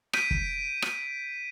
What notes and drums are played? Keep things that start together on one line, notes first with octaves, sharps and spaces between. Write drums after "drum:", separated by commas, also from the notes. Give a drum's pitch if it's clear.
G6 B6 D7 D#7, drum: rim click
drum: kick
drum: rim click